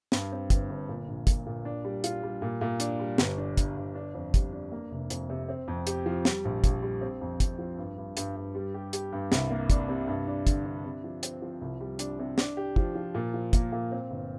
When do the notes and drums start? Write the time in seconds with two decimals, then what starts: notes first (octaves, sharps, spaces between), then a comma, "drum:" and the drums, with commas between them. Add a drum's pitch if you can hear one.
0.12 G2, drum: snare
0.32 C4
0.50 G1, drum: kick, hi-hat
0.69 G1
0.89 A#2
1.08 A#1
1.27 A#2, drum: kick, hi-hat
1.46 A#2
1.65 D4
1.85 G3
2.04 F4, drum: hi-hat
2.23 G3
2.42 A#2
2.61 A#2
2.80 D4, drum: hi-hat
3.00 G3
3.18 G1, drum: snare
3.38 D4
3.57 G2, drum: kick, hi-hat
3.77 G1
3.95 D4
4.14 F2
4.34 G3, drum: kick, hi-hat
4.53 D4
4.72 A#3
4.91 F1
5.10 F2, drum: hi-hat
5.30 C3
5.49 C4
5.68 F2
5.87 G4, drum: hi-hat
6.06 F3
6.25 G3, drum: snare
6.45 A#1
6.64 A#1, drum: kick, hi-hat
6.83 G3
7.01 C4
7.21 F2
7.40 F2, drum: kick, hi-hat
7.59 F3
7.78 G2
7.98 G2
8.17 G2, drum: hi-hat
8.36 G2
8.55 G3
8.74 G4
8.93 G4, drum: hi-hat
9.12 G2
9.32 C2, drum: snare
9.51 A#3
9.70 D4, drum: kick, hi-hat
9.89 C3
10.08 G2
10.27 D4
10.47 D3, drum: kick, hi-hat
10.65 D4
10.84 C3
11.04 F3
11.23 C4, drum: hi-hat
11.42 F3
11.61 C2
11.80 G3
11.99 D4, drum: hi-hat
12.19 C3
12.38 D4, drum: snare
12.57 G4
12.76 F3, drum: kick
12.95 F3
13.15 A#2
13.34 F3
13.53 A#3, drum: kick, hi-hat
13.72 A#2
13.91 C4
14.10 G1